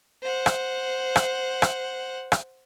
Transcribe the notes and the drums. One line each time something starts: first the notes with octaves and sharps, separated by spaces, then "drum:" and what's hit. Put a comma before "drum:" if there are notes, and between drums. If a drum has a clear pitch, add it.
C5 F#5
drum: rim click
drum: rim click
drum: rim click
drum: rim click